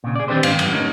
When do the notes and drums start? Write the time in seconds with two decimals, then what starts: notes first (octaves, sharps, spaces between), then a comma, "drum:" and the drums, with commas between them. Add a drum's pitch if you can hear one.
0.04 A#2 C#3
0.15 G#4 D5
0.28 D#3 C4 D4 G4 B4 C5
0.43 D#2 G#2 F5, drum: cymbal
0.59 F#2 D3 B3, drum: cymbal
0.71 A2 C#4 D#4